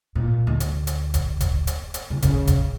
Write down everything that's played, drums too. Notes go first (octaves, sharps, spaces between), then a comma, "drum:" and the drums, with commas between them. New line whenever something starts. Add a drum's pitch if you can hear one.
A#2
D2
drum: hi-hat
drum: hi-hat
drum: kick, hi-hat
drum: kick, hi-hat
drum: hi-hat
drum: hi-hat
C#3
C#3, drum: kick, hi-hat
drum: kick, hi-hat